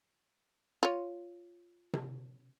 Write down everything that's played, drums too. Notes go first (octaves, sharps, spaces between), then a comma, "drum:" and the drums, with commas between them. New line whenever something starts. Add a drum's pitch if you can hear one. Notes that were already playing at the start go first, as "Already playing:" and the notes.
F4 C#5
drum: tom C3